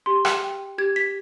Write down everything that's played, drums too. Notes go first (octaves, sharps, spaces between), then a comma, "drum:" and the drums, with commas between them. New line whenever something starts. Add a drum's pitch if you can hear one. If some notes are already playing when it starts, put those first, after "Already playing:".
G4 C6
drum: rim click
G5
G4 G#6
B6